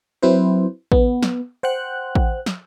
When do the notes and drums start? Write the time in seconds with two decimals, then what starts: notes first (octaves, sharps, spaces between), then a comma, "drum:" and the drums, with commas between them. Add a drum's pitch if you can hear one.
0.23 F#3 C4 E4 B4 C5
0.92 B3, drum: kick A1
1.23 drum: snare
1.63 C5 F#5 G5 F#6
2.15 drum: kick A1
2.46 drum: snare